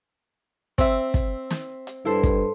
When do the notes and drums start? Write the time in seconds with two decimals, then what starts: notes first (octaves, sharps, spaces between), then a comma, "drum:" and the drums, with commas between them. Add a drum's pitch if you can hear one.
0.78 C4 E5, drum: kick, hi-hat
1.14 drum: kick, hi-hat
1.51 drum: snare
1.87 drum: hi-hat
2.05 G2 E4 A4 C5
2.23 drum: kick, hi-hat